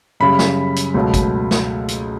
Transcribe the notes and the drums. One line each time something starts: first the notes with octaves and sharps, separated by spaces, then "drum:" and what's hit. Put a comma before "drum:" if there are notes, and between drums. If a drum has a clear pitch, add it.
F#2 C#3 G3 B5
drum: snare
drum: hi-hat
C#2 B2 F#3 A3
drum: kick, hi-hat
drum: snare
drum: hi-hat